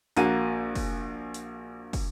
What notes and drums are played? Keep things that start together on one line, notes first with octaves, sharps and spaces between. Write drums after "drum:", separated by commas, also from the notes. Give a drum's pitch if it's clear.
A#1 A#3 F#4 D#7, drum: hi-hat
drum: kick, open hi-hat
drum: hi-hat
drum: kick, open hi-hat